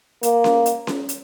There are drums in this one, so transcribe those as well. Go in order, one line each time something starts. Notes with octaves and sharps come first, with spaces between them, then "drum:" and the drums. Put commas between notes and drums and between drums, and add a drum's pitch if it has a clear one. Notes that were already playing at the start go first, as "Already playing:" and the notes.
A#3, drum: hi-hat
drum: snare C#4
drum: hi-hat
drum: snare C#4
drum: hi-hat